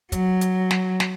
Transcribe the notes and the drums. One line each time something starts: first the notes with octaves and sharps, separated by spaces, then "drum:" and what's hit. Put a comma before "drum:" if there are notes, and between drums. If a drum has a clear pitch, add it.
F#3, drum: kick, hi-hat
drum: hi-hat
drum: snare
drum: snare